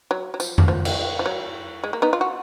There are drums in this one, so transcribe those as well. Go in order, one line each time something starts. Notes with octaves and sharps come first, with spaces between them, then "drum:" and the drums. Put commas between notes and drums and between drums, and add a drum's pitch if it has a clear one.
F#3
F#3
F3, drum: tambourine
drum: tom F2
F3
drum: cymbal
F3
F#3
G#3
A#3
B3 D#4
F4
F#4